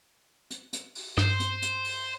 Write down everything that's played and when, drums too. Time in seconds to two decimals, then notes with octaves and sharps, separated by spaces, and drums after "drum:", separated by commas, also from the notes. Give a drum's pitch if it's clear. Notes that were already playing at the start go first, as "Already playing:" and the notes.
0.50 drum: hi-hat
0.73 drum: hi-hat
0.95 drum: open hi-hat
1.18 G2 C5, drum: rim click
1.40 drum: hi-hat
1.62 drum: hi-hat
1.85 drum: open hi-hat